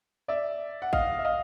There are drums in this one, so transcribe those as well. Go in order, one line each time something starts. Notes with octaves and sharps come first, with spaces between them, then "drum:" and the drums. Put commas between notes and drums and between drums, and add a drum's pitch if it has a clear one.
D5 E5
F#5
D#5 F5, drum: kick
E5
D#5 F5